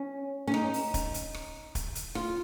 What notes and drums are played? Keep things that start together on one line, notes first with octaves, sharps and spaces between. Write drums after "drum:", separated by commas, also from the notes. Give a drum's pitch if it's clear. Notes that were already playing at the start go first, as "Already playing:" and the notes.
Already playing: C#4
C#4
D#4, drum: rim click
drum: open hi-hat
drum: kick, hi-hat
drum: hi-hat
drum: rim click
drum: kick, hi-hat
drum: hi-hat
F4, drum: rim click